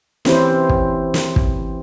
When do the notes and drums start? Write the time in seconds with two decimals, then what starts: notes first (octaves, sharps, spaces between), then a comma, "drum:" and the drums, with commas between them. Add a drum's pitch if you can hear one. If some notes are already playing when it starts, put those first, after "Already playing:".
0.25 E3 C4 C#4 E4 G4 C5, drum: snare
0.69 drum: kick
1.14 drum: snare
1.36 drum: kick